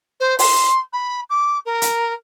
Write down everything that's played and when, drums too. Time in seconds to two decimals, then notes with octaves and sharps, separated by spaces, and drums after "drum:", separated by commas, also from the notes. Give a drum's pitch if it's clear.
0.20 C5
0.39 C6, drum: open hi-hat
0.93 B5
1.30 D6
1.66 A#4
1.82 drum: hi-hat